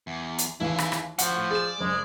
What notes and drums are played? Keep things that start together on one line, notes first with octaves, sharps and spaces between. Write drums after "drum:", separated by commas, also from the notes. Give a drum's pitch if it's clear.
E2
drum: hi-hat
D#2 E3 E4 G#4 F5
drum: rim click
drum: rim click
F3 D4 F#4 F#5, drum: hi-hat
A2
G#4 D5 E7
F#1 G#3